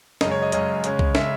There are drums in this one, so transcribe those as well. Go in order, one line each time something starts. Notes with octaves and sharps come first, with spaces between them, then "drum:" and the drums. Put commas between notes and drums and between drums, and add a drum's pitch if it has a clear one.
F#2 C#3 G#3 D#5, drum: snare
C#5
D#5
F#2 C#3 G#3 D#5, drum: hi-hat
C#3 G#3 C#4, drum: hi-hat
drum: kick
C#3 G#3 C#4 E5, drum: snare